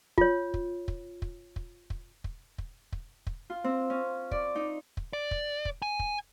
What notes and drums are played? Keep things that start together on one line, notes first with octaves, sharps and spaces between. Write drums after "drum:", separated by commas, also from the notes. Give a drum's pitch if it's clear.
F4 C#5, drum: kick
drum: kick
drum: kick
drum: kick
drum: kick
drum: kick
drum: kick
drum: kick
drum: kick
drum: kick
F4
C4
C#4
D5, drum: kick
D#4
drum: kick
D5
drum: kick
drum: kick
G#5
drum: kick